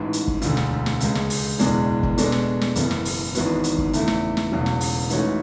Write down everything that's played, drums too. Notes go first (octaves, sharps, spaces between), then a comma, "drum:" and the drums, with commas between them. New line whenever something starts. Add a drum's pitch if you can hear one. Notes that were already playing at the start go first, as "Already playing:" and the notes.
Already playing: A1 G#2 E3
drum: hi-hat
drum: kick
E1 D2 D3, drum: hi-hat
drum: snare
drum: snare
C#2 C#3 G#3, drum: hi-hat
drum: snare
drum: open hi-hat
F#1 E2 B2 G#3 D4, drum: hi-hat
drum: kick
B2 G#3 D4 A4, drum: hi-hat
drum: snare
drum: snare
F#1 F#2 C#3 E3 B3, drum: hi-hat
drum: snare
drum: open hi-hat
G#1 G#2 E3 B3 F#4, drum: hi-hat
drum: hi-hat
drum: kick
E2 C#3 E3 A3 E4, drum: hi-hat
drum: snare
drum: snare
E1 E2 C#3 F#3
drum: snare
drum: open hi-hat
G#2 E3 A3 C#4 F#4, drum: hi-hat